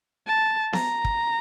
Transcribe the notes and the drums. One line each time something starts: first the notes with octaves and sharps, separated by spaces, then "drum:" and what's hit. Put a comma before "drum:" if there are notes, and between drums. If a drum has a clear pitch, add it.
A5
A#5, drum: snare B3
drum: kick